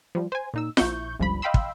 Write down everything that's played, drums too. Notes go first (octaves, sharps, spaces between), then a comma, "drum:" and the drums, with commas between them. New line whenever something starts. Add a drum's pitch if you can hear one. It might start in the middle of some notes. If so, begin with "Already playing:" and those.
F3 G3
C5 G#5
A#2 D#4 E6
A#1 E4 C#6 G6, drum: snare F4
G1 C#2 F3 G3 B5
D#5 F5 G5 B5 C6 E6
drum: kick